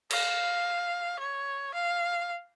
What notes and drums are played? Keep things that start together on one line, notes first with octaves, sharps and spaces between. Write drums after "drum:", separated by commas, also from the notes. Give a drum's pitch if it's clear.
F5, drum: cymbal
C#5
F5